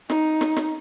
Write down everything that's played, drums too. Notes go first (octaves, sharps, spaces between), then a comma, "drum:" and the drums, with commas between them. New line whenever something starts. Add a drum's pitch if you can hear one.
D#4, drum: snare
drum: snare
drum: snare